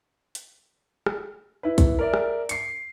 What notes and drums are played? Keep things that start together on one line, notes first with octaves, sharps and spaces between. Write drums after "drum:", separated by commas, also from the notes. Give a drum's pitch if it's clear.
drum: hi-hat
drum: rim click
E4 B4
drum: kick, hi-hat
A#4 D5 E5
drum: rim click
C7 C#7, drum: hi-hat